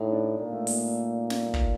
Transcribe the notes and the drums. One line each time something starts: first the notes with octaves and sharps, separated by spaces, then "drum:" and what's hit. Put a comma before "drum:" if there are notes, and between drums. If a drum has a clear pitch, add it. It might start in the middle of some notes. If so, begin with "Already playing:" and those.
Already playing: A2 D#4
D4
A#2 A#3
A3
A#3, drum: open hi-hat
drum: snare
drum: kick